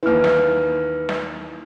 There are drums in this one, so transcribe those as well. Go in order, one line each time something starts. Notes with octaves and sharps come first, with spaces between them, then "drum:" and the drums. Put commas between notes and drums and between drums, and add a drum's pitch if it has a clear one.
D#2 E3 B4 F6
drum: snare
drum: snare